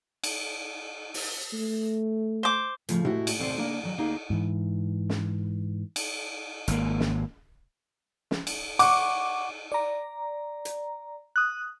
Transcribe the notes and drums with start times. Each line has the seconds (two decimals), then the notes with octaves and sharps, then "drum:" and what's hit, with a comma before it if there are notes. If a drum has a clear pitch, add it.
0.24 drum: cymbal
1.14 drum: open hi-hat
1.53 A3
2.43 C5 D6
2.89 A2 C#3 E3 F3 A3, drum: hi-hat
3.05 G#3 A3 E4 F#4 G4, drum: tom A2
3.27 drum: cymbal
3.39 D2 B2 C4 C5 D5
3.58 C#3 A#3 D4 A#4
3.83 D#3 F#3
3.97 D2 A#3 D#4 G#4 F#5
4.30 G#2 E3
5.10 drum: snare
5.96 drum: cymbal
6.68 G#1 A#3, drum: hi-hat
7.00 drum: snare
8.31 drum: snare
8.47 drum: cymbal
8.79 F#5 C#6 D6, drum: cymbal
9.72 D5 A#5
10.65 drum: hi-hat
11.36 D#6 F#6